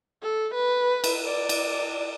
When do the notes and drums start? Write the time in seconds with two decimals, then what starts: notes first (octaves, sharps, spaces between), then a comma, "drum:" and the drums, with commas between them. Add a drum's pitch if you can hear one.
0.23 A4
0.54 B4
1.04 drum: cymbal
1.26 D5
1.49 drum: cymbal